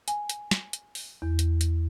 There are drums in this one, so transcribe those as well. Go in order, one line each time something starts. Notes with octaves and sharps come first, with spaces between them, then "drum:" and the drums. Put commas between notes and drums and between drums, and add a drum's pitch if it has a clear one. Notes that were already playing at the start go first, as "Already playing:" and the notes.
G#5, drum: hi-hat
drum: hi-hat
drum: snare
drum: hi-hat
drum: open hi-hat
E2
drum: hi-hat
drum: hi-hat